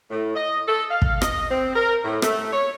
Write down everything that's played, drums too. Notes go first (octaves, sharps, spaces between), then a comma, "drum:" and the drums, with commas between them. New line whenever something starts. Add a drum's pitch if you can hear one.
A2
D#5
A4
F5
drum: kick
D#5, drum: rim click
C4
A#4
A2
A3, drum: rim click
C#5